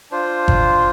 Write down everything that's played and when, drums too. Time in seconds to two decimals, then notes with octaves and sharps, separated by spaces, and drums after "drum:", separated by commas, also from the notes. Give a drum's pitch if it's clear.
0.11 D4 F4 C5
0.48 drum: kick G1